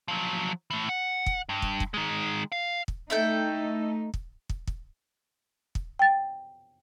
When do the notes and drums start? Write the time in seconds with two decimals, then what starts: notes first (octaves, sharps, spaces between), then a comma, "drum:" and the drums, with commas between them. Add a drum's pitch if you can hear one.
0.08 F3 F#3
0.70 E3 A3
0.89 F#5
1.26 drum: kick
1.49 G2
1.62 drum: kick
1.80 drum: kick
1.94 D#3 G#3
2.52 F5
2.88 drum: kick
3.10 A3 D#4 E4 A4 G5
4.14 drum: kick
4.50 drum: kick
4.67 drum: kick
5.75 drum: kick
5.99 G5 A6